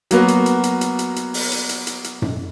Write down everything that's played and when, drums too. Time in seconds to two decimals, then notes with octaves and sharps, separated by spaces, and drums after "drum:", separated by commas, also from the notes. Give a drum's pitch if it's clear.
0.11 F#3 A#3 B3 F#4, drum: hi-hat
0.28 drum: hi-hat
0.46 drum: hi-hat
0.64 drum: hi-hat
0.81 drum: hi-hat
0.99 drum: hi-hat
1.16 drum: hi-hat
1.34 drum: open hi-hat
1.52 drum: hi-hat
1.69 drum: hi-hat
1.87 drum: hi-hat
2.04 drum: hi-hat
2.22 drum: tom F#2